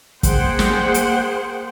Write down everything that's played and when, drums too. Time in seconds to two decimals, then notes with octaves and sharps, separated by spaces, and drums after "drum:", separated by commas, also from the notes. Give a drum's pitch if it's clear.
0.23 A#3 G#4 C5 F#5 G5, drum: kick F#1, hi-hat
0.59 drum: snare
0.94 drum: hi-hat